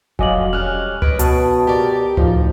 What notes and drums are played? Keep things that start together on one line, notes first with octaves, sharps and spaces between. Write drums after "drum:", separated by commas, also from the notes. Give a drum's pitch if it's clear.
F2 F#3 D#5 F5 G#5 D6 F#7, drum: kick E1
G3 C#4 F6 F#6
B4 C#5 D#5 D7, drum: tom C#2
B2 F#4 A5 D#6, drum: hi-hat
G4 A#4 D5
A2 F3 D#4, drum: tom C#2